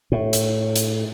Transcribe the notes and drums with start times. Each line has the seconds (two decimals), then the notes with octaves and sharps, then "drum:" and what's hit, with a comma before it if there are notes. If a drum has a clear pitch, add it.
0.12 A2
0.33 drum: hi-hat
0.76 drum: hi-hat